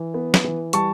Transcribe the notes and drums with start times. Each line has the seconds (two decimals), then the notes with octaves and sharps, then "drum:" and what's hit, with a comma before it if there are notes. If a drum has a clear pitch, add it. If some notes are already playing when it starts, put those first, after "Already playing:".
Already playing: E3
0.14 B3
0.34 drum: snare
0.44 E3
0.73 G3 A5 C#6, drum: hi-hat